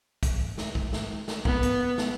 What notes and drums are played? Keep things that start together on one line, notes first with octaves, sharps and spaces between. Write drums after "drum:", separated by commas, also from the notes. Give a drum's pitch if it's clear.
drum: kick, hi-hat
drum: snare
drum: kick
drum: snare
drum: snare
B3, drum: kick
drum: hi-hat
drum: snare